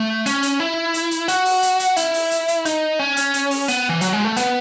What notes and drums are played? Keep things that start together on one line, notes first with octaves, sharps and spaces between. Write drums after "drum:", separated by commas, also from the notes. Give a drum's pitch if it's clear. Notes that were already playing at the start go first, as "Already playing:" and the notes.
Already playing: A3
C#4, drum: hi-hat
drum: hi-hat
E4
drum: hi-hat
drum: hi-hat
F#4, drum: hi-hat
drum: open hi-hat
drum: hi-hat
drum: hi-hat
E4, drum: hi-hat
drum: open hi-hat
drum: hi-hat
drum: hi-hat
D#4, drum: hi-hat
C#4
drum: hi-hat
drum: hi-hat
drum: open hi-hat
B3, drum: hi-hat
E3
F#3, drum: hi-hat
G#3
A3
B3, drum: hi-hat